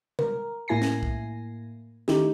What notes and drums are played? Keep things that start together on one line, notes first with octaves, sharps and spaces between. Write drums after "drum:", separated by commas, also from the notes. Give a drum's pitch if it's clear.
A#4, drum: tom B2
A2 A#3 E4 G#5 A#6 C7
drum: snare
drum: kick B1
D#3 A3 D#4 E4 G4, drum: snare